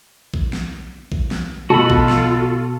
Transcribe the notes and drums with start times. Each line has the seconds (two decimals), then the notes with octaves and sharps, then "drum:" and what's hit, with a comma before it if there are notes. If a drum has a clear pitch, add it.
0.34 drum: kick A#1
0.53 drum: snare
1.12 drum: kick A#1
1.31 drum: snare
1.70 B2 F4 F#4 A4 A5 B5
1.90 drum: kick A#1
2.09 drum: snare